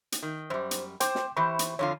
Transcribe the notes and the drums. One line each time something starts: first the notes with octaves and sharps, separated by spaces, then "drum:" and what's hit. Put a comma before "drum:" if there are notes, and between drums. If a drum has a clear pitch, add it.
drum: hi-hat
D#3
F#2 G3 C5
drum: hi-hat
C5 G5 C6 D6, drum: hi-hat
drum: snare
E3 G4 C5 B5 C#6
drum: hi-hat
F2 D3 F4 C#5